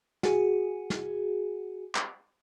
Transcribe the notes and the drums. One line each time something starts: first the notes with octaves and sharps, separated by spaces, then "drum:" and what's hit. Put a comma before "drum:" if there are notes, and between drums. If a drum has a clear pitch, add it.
F#4 G#4, drum: snare
drum: snare
drum: clap